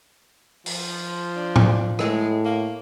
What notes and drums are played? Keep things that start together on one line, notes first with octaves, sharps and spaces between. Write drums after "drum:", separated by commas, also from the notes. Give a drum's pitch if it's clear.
F3, drum: open hi-hat
D4
drum: tom
A2 G#3, drum: rim click
A#3